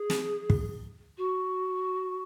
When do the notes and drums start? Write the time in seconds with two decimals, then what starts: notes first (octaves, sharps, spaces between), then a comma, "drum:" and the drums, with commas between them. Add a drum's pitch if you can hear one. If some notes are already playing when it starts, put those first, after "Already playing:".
Already playing: G#4
0.10 drum: snare
0.50 drum: kick
1.18 F#4